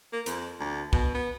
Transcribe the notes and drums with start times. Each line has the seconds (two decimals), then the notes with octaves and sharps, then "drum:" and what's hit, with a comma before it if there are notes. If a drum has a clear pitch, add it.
0.13 A#3
0.26 F2, drum: hi-hat
0.60 D2
0.93 B2, drum: kick
1.15 B3